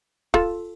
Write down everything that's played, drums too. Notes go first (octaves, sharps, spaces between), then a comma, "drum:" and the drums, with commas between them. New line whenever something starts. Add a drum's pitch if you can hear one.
F4 A4, drum: kick